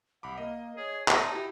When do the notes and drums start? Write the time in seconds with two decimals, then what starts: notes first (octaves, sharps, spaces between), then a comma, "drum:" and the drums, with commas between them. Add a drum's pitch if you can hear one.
0.23 C2 F#5 B5 D6
0.38 A#3 D#5
0.77 G#4 C#5
1.08 D#4 A5 A#5, drum: clap
1.32 E4 F#4 G4